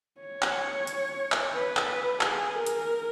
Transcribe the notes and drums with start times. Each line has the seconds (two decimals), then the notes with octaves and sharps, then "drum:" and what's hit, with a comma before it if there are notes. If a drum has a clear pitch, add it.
0.20 C#5
0.43 drum: clap
0.87 drum: hi-hat
1.32 drum: clap
1.54 B4
1.77 drum: clap
2.21 G#4, drum: clap
2.55 A#4
2.66 drum: hi-hat